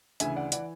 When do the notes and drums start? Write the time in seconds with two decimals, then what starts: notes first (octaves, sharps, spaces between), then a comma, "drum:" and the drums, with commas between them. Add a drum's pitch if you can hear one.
0.20 D2 C#3 E3 E5 G#5, drum: hi-hat
0.36 D5 F#5
0.52 E3 D5 F#5, drum: hi-hat